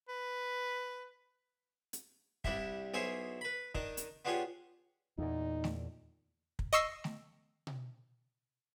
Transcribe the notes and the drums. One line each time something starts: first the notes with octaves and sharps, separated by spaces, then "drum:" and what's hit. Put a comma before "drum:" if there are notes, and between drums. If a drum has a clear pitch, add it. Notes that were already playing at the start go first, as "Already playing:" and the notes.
B4
drum: hi-hat
C2 G3 D4 E4 G4 E5, drum: kick
B1 E4 G#4 C5 C#5 E5
B4 B5
D#3 D4 D#4, drum: kick
drum: hi-hat
B3 D4 F4 G4 G#4 C#5
E2 A#2 D#4
drum: snare A3
drum: kick
D#5 C#6 E6 C7
drum: snare A3
drum: tom B2